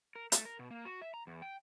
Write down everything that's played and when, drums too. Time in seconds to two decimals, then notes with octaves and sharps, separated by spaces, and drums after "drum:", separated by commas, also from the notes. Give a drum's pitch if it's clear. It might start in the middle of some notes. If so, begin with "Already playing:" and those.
0.15 A#4
0.32 A3, drum: hi-hat
0.45 A#4
0.59 B2
0.71 A#3
0.85 F#4
1.01 E5
1.14 A#5
1.27 E2
1.42 G5